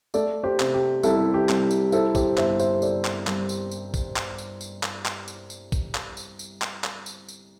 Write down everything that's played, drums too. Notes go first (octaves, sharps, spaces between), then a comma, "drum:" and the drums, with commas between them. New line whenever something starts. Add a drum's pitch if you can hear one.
A3 A4 D5, drum: tambourine
G4 C5
C3, drum: clap
G4
C2 E4 A4, drum: tambourine
G4
C2, drum: clap
drum: tambourine
C4 E4 A4, drum: tambourine
G4 C5, drum: kick, tambourine
G1 C5 E5, drum: clap
C5 E5, drum: tambourine
C4 A4 D5, drum: tambourine
drum: clap
G3, drum: clap
drum: tambourine
drum: tambourine
drum: kick, tambourine
drum: clap
drum: tambourine
drum: tambourine
drum: clap
drum: clap
drum: tambourine
drum: tambourine
drum: kick, tambourine
drum: clap
drum: tambourine
drum: tambourine
drum: clap
drum: clap
drum: tambourine
drum: tambourine